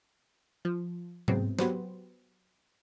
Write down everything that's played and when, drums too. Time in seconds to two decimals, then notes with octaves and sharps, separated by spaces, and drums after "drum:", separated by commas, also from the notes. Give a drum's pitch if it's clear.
0.65 F3
1.28 A2 C3 F#3 G#3 B3 C4, drum: tom G#2
1.59 F#3 B3 F#4 G4 B4 C5, drum: snare